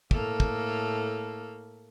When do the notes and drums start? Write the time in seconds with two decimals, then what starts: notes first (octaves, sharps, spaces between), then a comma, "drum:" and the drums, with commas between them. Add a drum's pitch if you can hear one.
0.11 A2 A#3 A4, drum: kick
0.40 drum: kick